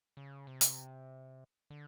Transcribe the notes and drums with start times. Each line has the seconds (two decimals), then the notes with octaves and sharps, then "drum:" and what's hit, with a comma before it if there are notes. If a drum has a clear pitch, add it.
0.17 C#3
0.47 C3
0.61 drum: hi-hat
1.70 D3